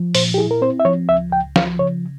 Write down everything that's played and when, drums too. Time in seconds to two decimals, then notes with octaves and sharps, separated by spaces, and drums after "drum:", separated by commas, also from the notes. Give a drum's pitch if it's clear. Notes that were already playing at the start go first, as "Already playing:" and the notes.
Already playing: F3
0.15 A#2 C5, drum: open hi-hat
0.34 G4
0.38 E4 G#4
0.51 A#4
0.62 C4 C5
0.80 E5
0.85 F3 C#5
1.09 C#2 E5
1.32 C#2 G5
1.56 F3 F5, drum: snare
1.79 C#3 C#5